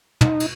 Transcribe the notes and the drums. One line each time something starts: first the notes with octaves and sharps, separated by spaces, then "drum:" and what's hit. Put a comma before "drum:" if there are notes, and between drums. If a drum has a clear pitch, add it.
D#4, drum: tom
drum: cymbal